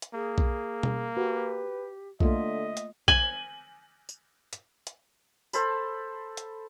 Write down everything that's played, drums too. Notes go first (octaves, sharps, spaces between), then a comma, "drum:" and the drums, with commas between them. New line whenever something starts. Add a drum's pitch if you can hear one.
drum: hi-hat
A#3 G#4
drum: kick B1
drum: tom B2
F#4 G4 B4
D3 A3 A#3 F4 D#5 E5, drum: kick B1
drum: hi-hat
G#5 F#7, drum: kick B1
drum: tambourine
drum: hi-hat
drum: hi-hat
A4 C5 A5 B5, drum: tambourine
drum: hi-hat